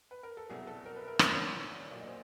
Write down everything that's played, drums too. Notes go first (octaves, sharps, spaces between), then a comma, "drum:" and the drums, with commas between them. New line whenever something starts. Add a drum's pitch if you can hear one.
B4
A#4
A4
C2 B2 F#3 G#4
A4
A#4
B4
A#4
D2 D3 F#3 C5, drum: rim click
C5
C#5
B1 A#2 F#3 D5
D#5
C5